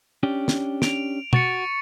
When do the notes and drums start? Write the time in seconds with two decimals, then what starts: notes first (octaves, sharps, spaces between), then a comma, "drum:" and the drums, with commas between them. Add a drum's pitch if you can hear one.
0.23 C#4 D4 G4
0.48 drum: snare
0.82 D7 F7, drum: snare
1.33 F#4 C#6 A6 C#7, drum: tom